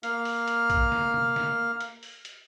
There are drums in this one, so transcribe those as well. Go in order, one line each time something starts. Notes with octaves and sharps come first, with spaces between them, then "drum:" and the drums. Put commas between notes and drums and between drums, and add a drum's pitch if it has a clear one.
A#3 F5 F6, drum: hi-hat
drum: open hi-hat
drum: hi-hat
drum: kick, hi-hat
drum: snare
drum: tom
drum: snare
drum: hi-hat
drum: open hi-hat
drum: hi-hat